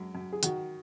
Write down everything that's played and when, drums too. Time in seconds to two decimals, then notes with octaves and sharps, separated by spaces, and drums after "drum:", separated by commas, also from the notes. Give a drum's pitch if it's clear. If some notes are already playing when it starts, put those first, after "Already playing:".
Already playing: F#2 G#3
0.15 F#2
0.32 G#4
0.43 D#3 F#4, drum: hi-hat